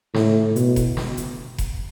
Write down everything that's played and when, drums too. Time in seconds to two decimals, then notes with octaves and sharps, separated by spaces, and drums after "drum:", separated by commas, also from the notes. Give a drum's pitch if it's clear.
0.14 A2, drum: snare
0.56 B2, drum: hi-hat
0.76 drum: kick F1, hi-hat
0.97 drum: snare
1.17 drum: hi-hat
1.58 drum: kick F1, hi-hat